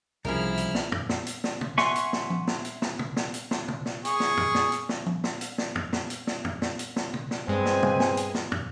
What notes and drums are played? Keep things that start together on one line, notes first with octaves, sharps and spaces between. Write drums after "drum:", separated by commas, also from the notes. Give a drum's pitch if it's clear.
C2 C#3 F3 E4 G#4 A#4 F6
drum: hi-hat
drum: snare
drum: tom
drum: snare
drum: hi-hat
drum: snare
drum: tom
E5 F#5 G#5 C6 C#6, drum: snare
drum: hi-hat
drum: snare
drum: tom
drum: snare
drum: hi-hat
drum: snare
drum: tom
drum: snare
drum: hi-hat
drum: snare
drum: tom
drum: snare
G#4 C#6, drum: hi-hat
drum: snare
drum: tom
drum: snare
drum: hi-hat
drum: snare
drum: tom
drum: snare
drum: hi-hat
drum: snare
drum: tom
drum: snare
drum: hi-hat
drum: snare
drum: tom
drum: snare
drum: hi-hat
drum: snare
drum: tom
drum: snare
G2 G#3 C4 B4 G#5
drum: snare
drum: tom
drum: snare
drum: hi-hat
drum: snare
drum: tom